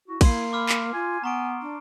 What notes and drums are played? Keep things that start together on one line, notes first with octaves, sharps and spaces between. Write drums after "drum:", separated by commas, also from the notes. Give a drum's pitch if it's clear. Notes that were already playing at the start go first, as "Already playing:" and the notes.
E4 F#4
A#3 E4 C6 C7, drum: kick, cymbal
B5 D6 F6
drum: clap
F4 G#5
B3 G#5 A#5 C#6 D7
D4